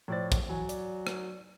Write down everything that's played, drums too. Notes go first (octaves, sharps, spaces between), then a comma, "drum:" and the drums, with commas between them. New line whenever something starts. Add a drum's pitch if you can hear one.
A2 F3 C5 D5 A6
drum: kick, hi-hat
E3 F#3 G#5
D5, drum: hi-hat
drum: rim click